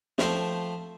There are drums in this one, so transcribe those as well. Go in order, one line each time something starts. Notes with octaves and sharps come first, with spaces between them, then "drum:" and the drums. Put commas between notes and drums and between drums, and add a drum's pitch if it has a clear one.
F3 A3 C4 C5, drum: snare